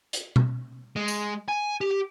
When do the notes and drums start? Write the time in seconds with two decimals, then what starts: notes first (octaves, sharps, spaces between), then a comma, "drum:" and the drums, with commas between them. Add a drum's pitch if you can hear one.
0.13 drum: hi-hat
0.36 drum: tom B2
0.96 G#3
1.08 drum: tambourine
1.49 G#5
1.81 G4